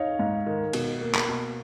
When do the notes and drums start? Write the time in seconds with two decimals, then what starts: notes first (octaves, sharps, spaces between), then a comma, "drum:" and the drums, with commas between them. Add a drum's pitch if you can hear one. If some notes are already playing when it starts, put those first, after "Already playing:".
Already playing: D#4 C#5 F5
0.19 G#2
0.46 D#3
0.73 B2, drum: cymbal
1.01 A#3
1.14 drum: clap
1.29 B2